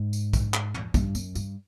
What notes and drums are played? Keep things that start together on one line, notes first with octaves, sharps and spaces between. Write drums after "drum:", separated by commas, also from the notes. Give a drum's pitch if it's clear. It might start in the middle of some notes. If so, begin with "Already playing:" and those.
Already playing: G#2
drum: tambourine
drum: kick A#1, tambourine
drum: clap
drum: tom
G2, drum: kick A#1, tambourine
F#2, drum: tambourine
G2, drum: tambourine